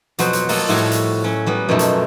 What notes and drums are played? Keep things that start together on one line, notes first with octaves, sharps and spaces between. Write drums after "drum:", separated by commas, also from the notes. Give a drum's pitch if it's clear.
F2 B2 F#3 B3 F#4 C5, drum: hi-hat
drum: hi-hat
F#3 A#3 F4 A4 D#5, drum: open hi-hat
A2 F3 G3 F#4 C#5 A5
drum: hi-hat
F#3 C#4
F#3 G3 B3
F#2 B2 F3 A3 D#4
drum: hi-hat